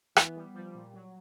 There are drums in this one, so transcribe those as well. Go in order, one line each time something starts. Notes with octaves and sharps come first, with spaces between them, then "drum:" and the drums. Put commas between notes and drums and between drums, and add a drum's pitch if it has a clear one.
E3 B3, drum: rim click
G3
F3 G3
A#2
F#3